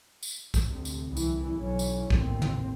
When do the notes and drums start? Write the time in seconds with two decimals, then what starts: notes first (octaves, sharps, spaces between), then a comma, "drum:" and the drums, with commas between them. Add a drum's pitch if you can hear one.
0.23 drum: tambourine
0.54 drum: kick, tambourine
0.67 D2 C3
0.85 drum: tambourine
1.06 C2 E3
1.17 drum: tambourine
1.55 B1 E3 C#4
1.79 drum: tambourine
2.10 A1 D#2 B2 C4, drum: kick
2.42 drum: tom